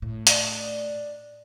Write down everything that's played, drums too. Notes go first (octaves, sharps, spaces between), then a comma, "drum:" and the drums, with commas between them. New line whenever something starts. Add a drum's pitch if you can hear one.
A2
D4 D#5, drum: hi-hat